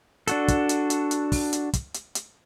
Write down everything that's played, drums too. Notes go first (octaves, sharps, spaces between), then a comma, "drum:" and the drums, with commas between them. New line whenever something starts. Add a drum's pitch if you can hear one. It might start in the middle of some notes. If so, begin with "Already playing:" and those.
D4 F#4 A4, drum: hi-hat
drum: kick, hi-hat
drum: hi-hat
drum: hi-hat
drum: hi-hat
drum: kick, open hi-hat
drum: hi-hat
drum: kick, hi-hat
drum: hi-hat
drum: hi-hat